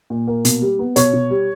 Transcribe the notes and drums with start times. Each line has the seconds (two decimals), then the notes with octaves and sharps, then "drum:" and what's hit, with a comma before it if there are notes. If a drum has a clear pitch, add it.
0.10 A#2
0.27 A#3
0.45 B2, drum: hi-hat
0.62 G3
0.79 B3
0.96 B2 C#5, drum: hi-hat
1.13 B2
1.30 G3